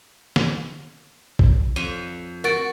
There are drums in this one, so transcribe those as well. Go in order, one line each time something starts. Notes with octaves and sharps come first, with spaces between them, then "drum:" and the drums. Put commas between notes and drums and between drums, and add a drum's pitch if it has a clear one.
drum: snare
drum: kick
F2 D#7
F#4 A#4 A6 D7